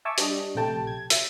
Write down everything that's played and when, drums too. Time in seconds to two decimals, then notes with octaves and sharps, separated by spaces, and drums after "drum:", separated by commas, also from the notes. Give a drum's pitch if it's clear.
0.05 E5 G#5 A5 C#6 D6 E6
0.18 G3 D4 D#5, drum: hi-hat
0.55 A#1 C3 A3 G5 A5
0.87 G#6
1.10 E5, drum: hi-hat